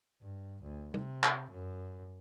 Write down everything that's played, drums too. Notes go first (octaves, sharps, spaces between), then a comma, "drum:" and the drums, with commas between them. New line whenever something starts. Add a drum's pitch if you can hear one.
G2
D2
C3, drum: tom
drum: clap
F#2